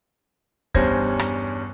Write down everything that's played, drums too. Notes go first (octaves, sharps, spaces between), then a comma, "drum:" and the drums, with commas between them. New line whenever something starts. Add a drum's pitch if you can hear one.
E2 G2 C#4 C5 G#6 A#6, drum: kick
drum: rim click